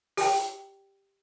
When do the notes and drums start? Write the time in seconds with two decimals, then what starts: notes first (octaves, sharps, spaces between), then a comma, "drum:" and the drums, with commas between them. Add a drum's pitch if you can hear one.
0.17 G4 G5, drum: open hi-hat